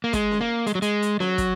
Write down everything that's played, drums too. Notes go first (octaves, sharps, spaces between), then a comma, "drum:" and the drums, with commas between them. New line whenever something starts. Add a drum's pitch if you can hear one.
A#3
G#3, drum: kick, hi-hat
drum: snare C#4
A#3
G#3, drum: hi-hat
F#3
G#3, drum: hi-hat
drum: hi-hat
F#3, drum: snare C#4
drum: kick, hi-hat